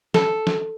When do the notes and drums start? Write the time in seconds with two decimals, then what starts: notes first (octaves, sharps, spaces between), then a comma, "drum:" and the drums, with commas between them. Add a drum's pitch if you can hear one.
0.14 A4, drum: snare
0.47 drum: snare